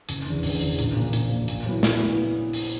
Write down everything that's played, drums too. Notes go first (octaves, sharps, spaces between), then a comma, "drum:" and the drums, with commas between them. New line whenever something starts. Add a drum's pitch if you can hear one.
F#1, drum: hi-hat
E2 D3
F#1, drum: open hi-hat
E2 D3
A#1, drum: hi-hat
A#2 A#3
A#1, drum: hi-hat
A#2 A#3
A#2, drum: hi-hat
F#3 B3 E4
A#2, drum: snare
B3 E4
drum: open hi-hat